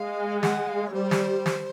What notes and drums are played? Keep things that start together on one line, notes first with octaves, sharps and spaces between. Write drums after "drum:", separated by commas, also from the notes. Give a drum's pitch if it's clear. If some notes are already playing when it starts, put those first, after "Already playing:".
Already playing: G#3 F5
F#5, drum: snare
F5
C#5
G3 C5
drum: snare
drum: snare